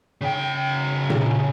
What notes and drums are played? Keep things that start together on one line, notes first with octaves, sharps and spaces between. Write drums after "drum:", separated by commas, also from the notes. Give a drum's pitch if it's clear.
C#3 G5
drum: tom A#2